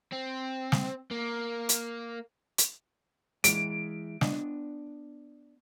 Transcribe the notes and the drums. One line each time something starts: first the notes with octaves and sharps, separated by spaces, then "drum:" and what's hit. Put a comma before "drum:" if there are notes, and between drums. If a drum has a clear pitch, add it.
C4
drum: snare
A#3
drum: hi-hat
drum: hi-hat
E3 G#3 D7, drum: hi-hat
B3 D4 D#5, drum: snare